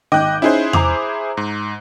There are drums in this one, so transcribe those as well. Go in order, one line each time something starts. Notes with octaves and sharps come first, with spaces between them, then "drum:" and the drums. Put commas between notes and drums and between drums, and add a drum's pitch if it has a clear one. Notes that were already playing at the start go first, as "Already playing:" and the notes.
G#1 D#5 G5 D6 F#6 G6
C#4 D#4 E4 G#4 C5
A#5 D6 F7, drum: tom E2
G#2